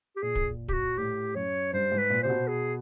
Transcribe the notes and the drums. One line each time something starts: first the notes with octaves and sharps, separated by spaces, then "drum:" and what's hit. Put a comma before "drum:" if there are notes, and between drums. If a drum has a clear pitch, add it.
G4
A#2 G#4
drum: kick
G4, drum: kick
F#4
A2 G4
F#2 C#5
G2 C5
G#2
B4
A#2
C3 C5
B2
G#4